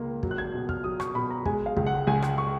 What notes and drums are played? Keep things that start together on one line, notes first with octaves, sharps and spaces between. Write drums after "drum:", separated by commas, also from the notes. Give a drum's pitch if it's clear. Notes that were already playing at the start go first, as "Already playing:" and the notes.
Already playing: C#2 A#3
F#3, drum: kick
F#6
G#6
B2
F6, drum: kick
F#3 D#6
C#6, drum: rim click
B2 B5
A#5
G#3 G#5, drum: kick
F5
C#2, drum: kick
F#5
C#2 G#5
drum: rim click
C#6